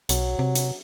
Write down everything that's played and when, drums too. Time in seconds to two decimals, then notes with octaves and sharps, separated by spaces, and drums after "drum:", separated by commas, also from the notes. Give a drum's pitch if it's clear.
0.09 B1 F#3, drum: hi-hat
0.39 C3
0.55 drum: hi-hat